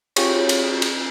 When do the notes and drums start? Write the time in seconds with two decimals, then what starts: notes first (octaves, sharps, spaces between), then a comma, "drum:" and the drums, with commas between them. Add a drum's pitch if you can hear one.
0.16 F4 G4 G#4 C#5, drum: cymbal
0.49 drum: cymbal
0.82 drum: cymbal